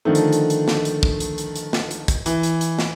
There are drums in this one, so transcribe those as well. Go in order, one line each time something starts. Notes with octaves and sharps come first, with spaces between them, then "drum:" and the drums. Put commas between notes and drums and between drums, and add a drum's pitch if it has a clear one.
D3 D#3 F3 A3
drum: hi-hat
drum: hi-hat
drum: hi-hat
drum: snare
drum: hi-hat
drum: kick
drum: hi-hat
drum: hi-hat
drum: hi-hat
drum: snare
drum: hi-hat
drum: kick, hi-hat
E3, drum: hi-hat
drum: hi-hat
drum: hi-hat
drum: snare